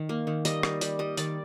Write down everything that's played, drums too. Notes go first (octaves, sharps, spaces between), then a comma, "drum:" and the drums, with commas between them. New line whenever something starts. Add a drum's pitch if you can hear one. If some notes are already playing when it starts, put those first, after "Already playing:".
Already playing: D#3
A#3
D#3
G3 D#5, drum: hi-hat
G3, drum: rim click
G3, drum: hi-hat
G3 D#5
D#3 D5, drum: hi-hat